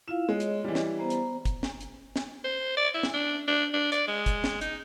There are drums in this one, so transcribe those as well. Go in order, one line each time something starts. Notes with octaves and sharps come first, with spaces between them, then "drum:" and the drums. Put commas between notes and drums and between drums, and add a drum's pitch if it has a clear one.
E4 F4 F5 E7
G#3 C#5 D#5
drum: hi-hat
E3 G3
drum: snare
B3 C5 A#5
drum: hi-hat
drum: kick, hi-hat
drum: snare
drum: hi-hat
drum: snare
C5
D5
E4
drum: snare
D4
D4
D4
D5, drum: hi-hat
G#3
drum: kick, hi-hat
drum: snare
D#4, drum: hi-hat